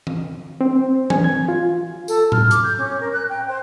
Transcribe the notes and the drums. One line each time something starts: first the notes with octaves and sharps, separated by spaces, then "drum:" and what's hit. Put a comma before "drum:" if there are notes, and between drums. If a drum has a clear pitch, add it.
drum: tom E3
C4
G#5, drum: tom E3
G#6
F4
A4, drum: tambourine
F6, drum: tom A2
D6, drum: hi-hat
G6
C#4
A#4
F#6
G5
C5